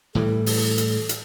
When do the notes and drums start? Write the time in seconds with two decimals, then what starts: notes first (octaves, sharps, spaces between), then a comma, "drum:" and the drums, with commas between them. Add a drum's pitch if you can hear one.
0.15 A2 E3 G3 A4
0.46 drum: open hi-hat
0.78 drum: hi-hat
1.09 drum: hi-hat